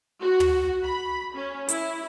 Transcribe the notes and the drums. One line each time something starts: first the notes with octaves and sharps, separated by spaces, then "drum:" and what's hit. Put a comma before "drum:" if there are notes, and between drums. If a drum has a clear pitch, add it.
F#4
drum: tom
B5
C#4
E4, drum: hi-hat